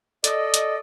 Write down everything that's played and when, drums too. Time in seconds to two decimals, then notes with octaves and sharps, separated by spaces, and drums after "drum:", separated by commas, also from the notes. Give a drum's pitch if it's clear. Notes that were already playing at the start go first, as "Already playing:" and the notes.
0.24 A4 D5 D#5, drum: hi-hat
0.54 drum: hi-hat